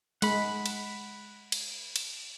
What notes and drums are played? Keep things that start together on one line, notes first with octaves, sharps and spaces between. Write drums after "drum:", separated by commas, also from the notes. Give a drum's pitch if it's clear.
G#3 F#5 B5, drum: cymbal
drum: cymbal
drum: cymbal
drum: cymbal